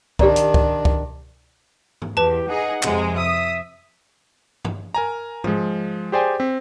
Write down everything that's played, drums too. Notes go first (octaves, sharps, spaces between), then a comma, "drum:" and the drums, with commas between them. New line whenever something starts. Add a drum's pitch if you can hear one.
D#3 D4 G4 D5 A#5, drum: kick C#2
drum: hi-hat
drum: kick C#2
drum: kick C#2
drum: tom G#2
E2 G4 B4 A5
D#4 G#4 F#5
F2 C3 G#3, drum: clap
E5 D#6
drum: tom G2
A#4 G#5 A#5
F3 G#3, drum: tom G#2
G4 G#4 C5 D5 G5 G#5
C4 B6